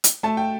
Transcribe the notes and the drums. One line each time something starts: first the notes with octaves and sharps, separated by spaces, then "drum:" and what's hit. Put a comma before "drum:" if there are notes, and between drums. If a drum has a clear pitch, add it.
drum: hi-hat
A3 A5
G5